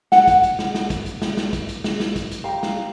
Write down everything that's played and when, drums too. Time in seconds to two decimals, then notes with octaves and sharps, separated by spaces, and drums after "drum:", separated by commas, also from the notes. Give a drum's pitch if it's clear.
0.12 F#5, drum: snare
0.27 drum: kick, hi-hat
0.43 drum: hi-hat
0.59 drum: snare
0.75 drum: snare
0.90 drum: kick, hi-hat
1.06 drum: hi-hat
1.22 drum: snare
1.37 drum: snare
1.53 drum: kick, hi-hat
1.69 drum: hi-hat
1.84 drum: snare
2.00 drum: snare
2.16 drum: kick, hi-hat
2.31 drum: hi-hat
2.44 G4 F5 A#5
2.63 drum: snare